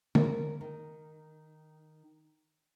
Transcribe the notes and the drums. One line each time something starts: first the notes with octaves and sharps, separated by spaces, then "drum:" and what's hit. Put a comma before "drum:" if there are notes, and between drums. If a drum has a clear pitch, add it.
A#4, drum: tom D3
D#3